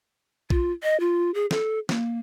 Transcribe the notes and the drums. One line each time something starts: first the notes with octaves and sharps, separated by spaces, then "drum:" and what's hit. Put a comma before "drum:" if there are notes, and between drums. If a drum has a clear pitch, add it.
F4, drum: kick B1
D#5
F4
G#4
A4, drum: snare
A#3, drum: snare